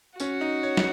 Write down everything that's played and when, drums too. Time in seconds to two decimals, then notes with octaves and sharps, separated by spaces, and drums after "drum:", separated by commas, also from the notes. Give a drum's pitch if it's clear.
0.20 C#4 F#4, drum: tambourine
0.41 D#4
0.63 C#5
0.77 drum: snare